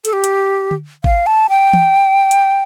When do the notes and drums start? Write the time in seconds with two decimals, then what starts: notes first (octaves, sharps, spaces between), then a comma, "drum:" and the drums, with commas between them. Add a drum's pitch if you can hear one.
0.05 A4, drum: hi-hat
0.13 G4
0.24 drum: hi-hat
0.71 drum: tom D3
1.04 F5, drum: kick G#1
1.26 A5
1.49 G5
1.73 drum: tom E3
2.31 drum: hi-hat